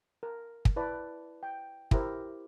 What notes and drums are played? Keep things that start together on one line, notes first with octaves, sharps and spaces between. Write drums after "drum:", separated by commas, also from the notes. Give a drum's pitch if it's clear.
A#4
drum: kick
E4 B4 D5 A5
G5
E4 G4 A#4 C5, drum: kick